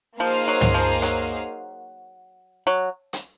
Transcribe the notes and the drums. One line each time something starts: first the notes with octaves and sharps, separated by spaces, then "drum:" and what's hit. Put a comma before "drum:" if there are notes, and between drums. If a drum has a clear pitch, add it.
F3 A#3 D#4 G#4 C5 F5
F#3
drum: tom
F3
F#3, drum: hi-hat
F#3
drum: hi-hat